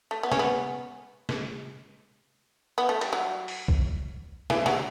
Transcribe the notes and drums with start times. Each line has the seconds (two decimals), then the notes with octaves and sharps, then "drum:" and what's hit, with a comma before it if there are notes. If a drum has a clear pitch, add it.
0.11 A3
0.23 B3
0.32 C#4, drum: snare
0.39 B3
1.29 drum: snare
2.78 B3
2.89 A3
3.01 G3, drum: cymbal
3.13 F#3
3.48 drum: open hi-hat
3.68 drum: kick A#1
4.50 E3, drum: snare
4.66 F#3, drum: snare